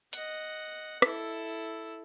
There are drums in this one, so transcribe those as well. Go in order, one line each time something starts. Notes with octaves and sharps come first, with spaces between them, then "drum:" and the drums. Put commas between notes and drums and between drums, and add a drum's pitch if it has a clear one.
D#5 F#5, drum: hi-hat
E4 A4, drum: rim click